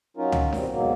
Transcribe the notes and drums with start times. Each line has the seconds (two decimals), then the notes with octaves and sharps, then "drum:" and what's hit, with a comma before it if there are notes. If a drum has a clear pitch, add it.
0.17 F#3 C#4 D#4 F4 A#4
0.32 drum: tom
0.53 G3 C4, drum: snare D4
0.71 G#2 B2 F#3 A#3